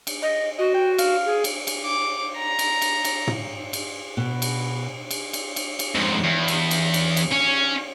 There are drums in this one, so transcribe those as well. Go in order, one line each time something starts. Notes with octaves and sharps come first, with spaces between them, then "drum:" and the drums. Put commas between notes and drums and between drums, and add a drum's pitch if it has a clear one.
drum: cymbal
D#5
F#4 D#5
G5
F5, drum: cymbal
G#4
drum: cymbal
drum: cymbal
D6
A#5
drum: cymbal
drum: cymbal
drum: cymbal
drum: tom
drum: cymbal
B2
drum: cymbal
drum: cymbal
drum: cymbal
drum: cymbal
drum: cymbal
F2 G#2
E2
drum: cymbal
drum: cymbal
drum: cymbal
drum: cymbal
C#4